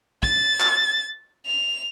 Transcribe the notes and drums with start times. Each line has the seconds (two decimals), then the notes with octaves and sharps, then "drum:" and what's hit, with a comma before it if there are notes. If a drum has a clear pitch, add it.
0.23 A6, drum: kick
0.60 drum: clap
1.46 F7